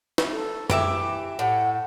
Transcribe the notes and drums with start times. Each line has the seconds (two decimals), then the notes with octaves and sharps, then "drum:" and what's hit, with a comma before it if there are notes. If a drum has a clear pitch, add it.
0.18 drum: snare
0.31 A4
0.70 E3 G4 E5 D6, drum: tom F#2
1.39 A2 F#5